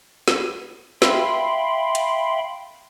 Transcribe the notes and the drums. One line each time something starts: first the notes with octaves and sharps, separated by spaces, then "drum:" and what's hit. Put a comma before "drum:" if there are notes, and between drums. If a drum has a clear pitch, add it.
drum: snare
E5 F5 G5 B5 C6, drum: snare
drum: hi-hat